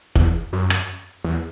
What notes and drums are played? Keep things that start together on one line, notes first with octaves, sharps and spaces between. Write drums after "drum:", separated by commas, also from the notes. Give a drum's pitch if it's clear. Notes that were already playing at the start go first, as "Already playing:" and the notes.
E2, drum: kick F1
F#2
drum: rim click
E2